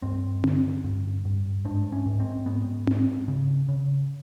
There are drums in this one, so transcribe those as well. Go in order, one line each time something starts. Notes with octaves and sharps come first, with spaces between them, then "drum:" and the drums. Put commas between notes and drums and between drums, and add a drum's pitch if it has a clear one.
G2 C4
D3, drum: tom C4
G2
G2
G#2 D4
C#4
G#2
C4
G#2 B3
G#2, drum: tom C4
C#3
C#3